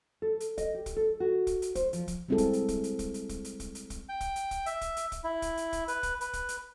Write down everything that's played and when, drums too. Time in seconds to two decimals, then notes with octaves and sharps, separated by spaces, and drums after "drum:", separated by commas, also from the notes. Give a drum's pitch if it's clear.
0.22 A4
0.40 drum: hi-hat
0.58 D#5, drum: kick, hi-hat
0.74 G4
0.86 drum: kick, hi-hat
0.96 A4
1.20 F#4
1.47 drum: kick, hi-hat
1.62 drum: hi-hat
1.75 C5, drum: kick, hi-hat
1.93 F3, drum: hi-hat
2.08 drum: kick, hi-hat
2.28 G3 G#3 C4 E4 G#4 A4
2.38 drum: kick, hi-hat
2.53 drum: hi-hat
2.68 drum: kick, hi-hat
2.84 drum: hi-hat
2.99 drum: kick, hi-hat
3.14 drum: hi-hat
3.29 drum: kick, hi-hat
3.44 drum: hi-hat
3.60 drum: kick, hi-hat
3.75 drum: hi-hat
3.90 drum: kick, hi-hat
4.09 G5
4.21 drum: kick, hi-hat
4.36 drum: hi-hat
4.51 drum: kick, hi-hat
4.66 E5, drum: hi-hat
4.81 drum: kick, hi-hat
4.97 drum: hi-hat
5.12 drum: kick, hi-hat
5.24 E4
5.42 drum: kick, hi-hat
5.57 drum: hi-hat
5.73 drum: kick, hi-hat
5.88 B4, drum: hi-hat
6.03 drum: kick, hi-hat
6.21 B4, drum: hi-hat
6.33 drum: kick, hi-hat
6.49 drum: hi-hat